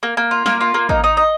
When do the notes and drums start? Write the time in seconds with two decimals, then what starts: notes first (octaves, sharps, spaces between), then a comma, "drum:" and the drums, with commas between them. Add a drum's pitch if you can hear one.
0.03 A#3
0.17 A#3
0.31 F4
0.46 A#3, drum: snare
0.61 F4
0.74 A#3
0.89 D#4, drum: kick
1.04 D#4
1.17 D#5